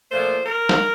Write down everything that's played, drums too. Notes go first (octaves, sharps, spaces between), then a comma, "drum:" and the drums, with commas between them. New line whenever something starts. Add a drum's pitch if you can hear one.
A#2 F3 A3 C5
A#4
drum: snare